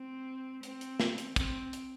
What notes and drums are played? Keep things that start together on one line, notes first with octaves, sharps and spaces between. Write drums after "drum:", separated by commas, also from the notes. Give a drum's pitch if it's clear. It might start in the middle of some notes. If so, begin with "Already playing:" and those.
Already playing: C4
C4, drum: hi-hat
drum: hi-hat
drum: snare
drum: hi-hat
C4, drum: kick, hi-hat
drum: hi-hat